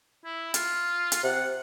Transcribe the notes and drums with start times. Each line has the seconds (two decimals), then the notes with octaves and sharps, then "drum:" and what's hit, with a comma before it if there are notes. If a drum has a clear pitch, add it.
0.25 E4
0.54 F4, drum: hi-hat
1.12 drum: hi-hat
1.23 C3 F#5